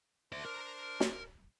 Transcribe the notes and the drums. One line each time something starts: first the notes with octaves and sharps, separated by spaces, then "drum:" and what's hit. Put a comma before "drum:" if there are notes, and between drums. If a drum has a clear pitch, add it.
D4 C5 D5 E5
A#4
drum: snare